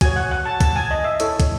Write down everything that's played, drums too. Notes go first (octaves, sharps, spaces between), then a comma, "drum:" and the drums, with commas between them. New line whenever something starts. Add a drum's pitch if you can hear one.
F#4 C#5 G#5, drum: kick, hi-hat
F#5
F#5
A5
A5, drum: kick, hi-hat
G#5
D#5
E5
E4 A4 C#5, drum: hi-hat
drum: kick, hi-hat